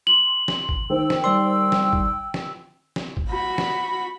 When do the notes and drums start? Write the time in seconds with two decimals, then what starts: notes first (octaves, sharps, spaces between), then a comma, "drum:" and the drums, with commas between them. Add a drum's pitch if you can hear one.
0.07 C6 F#7
0.48 drum: snare
0.69 drum: kick
0.90 D#3 C5 G5 E6
1.10 drum: snare
1.24 G3 D5 C6
1.72 drum: snare
1.93 drum: kick
2.34 drum: snare
2.96 drum: snare
3.17 drum: kick
3.30 F#4 B5
3.58 drum: snare